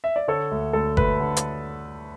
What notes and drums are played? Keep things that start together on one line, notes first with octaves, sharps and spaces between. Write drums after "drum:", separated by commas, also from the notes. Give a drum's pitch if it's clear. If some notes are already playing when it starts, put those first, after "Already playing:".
E5
D5
D3 A4 C#5
D2
D2 A4
D2 B4, drum: kick G1
D3
drum: hi-hat